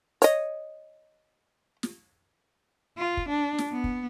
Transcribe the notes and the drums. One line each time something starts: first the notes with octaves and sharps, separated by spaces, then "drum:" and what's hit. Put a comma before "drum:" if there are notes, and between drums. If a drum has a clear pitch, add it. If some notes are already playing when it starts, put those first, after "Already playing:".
C#5 D#5, drum: hi-hat
drum: snare
F4
drum: kick
D4
drum: snare
B3
drum: kick